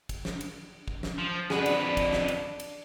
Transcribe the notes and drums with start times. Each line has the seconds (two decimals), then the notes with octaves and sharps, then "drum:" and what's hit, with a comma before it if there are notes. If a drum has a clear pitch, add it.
0.09 drum: kick, cymbal
0.25 drum: snare
0.41 drum: cymbal
0.88 drum: kick
1.03 drum: snare
1.18 F3
1.50 F2 D4 F#4 G#4 B4, drum: snare
1.66 drum: cymbal
1.80 D4
1.97 drum: kick, cymbal
2.13 drum: snare
2.28 drum: cymbal
2.60 drum: cymbal